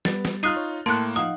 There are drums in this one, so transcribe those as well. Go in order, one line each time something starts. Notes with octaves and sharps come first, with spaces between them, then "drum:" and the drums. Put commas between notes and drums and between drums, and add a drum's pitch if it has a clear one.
G3 B3 A6, drum: snare
drum: snare
D#4 F4 D#6 F6 F#6 C7 D#7 G7
C#5
A2 A#3 A5 C6 F#6 C#7 D7
F3 D#4 F5 F#5 D#6